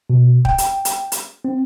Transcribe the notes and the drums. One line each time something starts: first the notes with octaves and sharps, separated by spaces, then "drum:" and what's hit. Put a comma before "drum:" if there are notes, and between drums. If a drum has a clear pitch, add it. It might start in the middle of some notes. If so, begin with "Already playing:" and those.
B2
G5, drum: kick
drum: hi-hat
drum: hi-hat
drum: hi-hat
C4